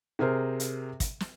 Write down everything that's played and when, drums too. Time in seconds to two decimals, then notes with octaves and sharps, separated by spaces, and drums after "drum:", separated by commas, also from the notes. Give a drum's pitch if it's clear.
0.19 C3 G#4 A#4 C5
0.60 drum: hi-hat
1.00 drum: kick, hi-hat
1.20 drum: snare